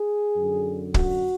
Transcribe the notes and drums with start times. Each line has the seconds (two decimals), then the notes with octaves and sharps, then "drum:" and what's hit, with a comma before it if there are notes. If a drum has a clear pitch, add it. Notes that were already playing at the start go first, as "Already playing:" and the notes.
Already playing: G#4
0.36 F#2 D3
0.94 F#4, drum: kick